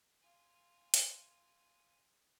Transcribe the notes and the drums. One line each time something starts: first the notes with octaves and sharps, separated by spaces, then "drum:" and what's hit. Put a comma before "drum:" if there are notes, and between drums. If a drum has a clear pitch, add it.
F4 G#5
drum: hi-hat